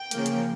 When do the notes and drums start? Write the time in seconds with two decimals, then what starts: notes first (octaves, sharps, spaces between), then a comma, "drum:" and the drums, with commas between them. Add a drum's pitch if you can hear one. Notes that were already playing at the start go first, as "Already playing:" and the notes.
Already playing: G5
0.11 C#3 F3 A#3, drum: hi-hat
0.26 drum: hi-hat